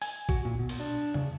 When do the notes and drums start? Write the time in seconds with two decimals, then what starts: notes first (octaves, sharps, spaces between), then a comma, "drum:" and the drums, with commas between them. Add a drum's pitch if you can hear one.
0.02 G#5, drum: open hi-hat
0.29 F#4, drum: kick A#1
0.45 A#2
0.59 B2
0.69 drum: cymbal
0.80 D4
1.14 C#3, drum: tom E2